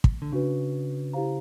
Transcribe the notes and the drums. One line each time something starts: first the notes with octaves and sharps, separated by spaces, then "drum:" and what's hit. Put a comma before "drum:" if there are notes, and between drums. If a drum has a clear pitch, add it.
drum: kick
D3
C#3 D4 F#4 B4
E4 G4 C5 F5 A#5